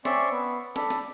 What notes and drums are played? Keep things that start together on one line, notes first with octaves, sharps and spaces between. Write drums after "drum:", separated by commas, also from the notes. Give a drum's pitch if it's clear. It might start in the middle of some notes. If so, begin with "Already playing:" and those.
C4 C#4 D5 E5 C6 C#6, drum: snare
B3
D4 A4 B5, drum: snare
drum: snare